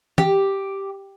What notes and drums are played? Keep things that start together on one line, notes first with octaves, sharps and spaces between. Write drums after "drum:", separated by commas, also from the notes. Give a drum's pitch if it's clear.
G4, drum: tom